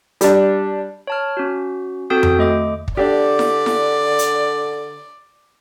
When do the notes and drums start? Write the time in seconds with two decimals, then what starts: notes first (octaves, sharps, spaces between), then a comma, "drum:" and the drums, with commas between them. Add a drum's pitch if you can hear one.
0.21 G3 D4, drum: hi-hat
1.07 C#5 A5 F6
1.37 C#4 F#4
2.10 C4 F#4 A4 D#6 G6 D7
2.23 drum: tom F2
2.39 A3 D#5 D6
2.88 drum: kick
2.97 D3 D4 G4 D5
3.39 drum: snare E4
3.66 drum: snare E4
4.19 drum: hi-hat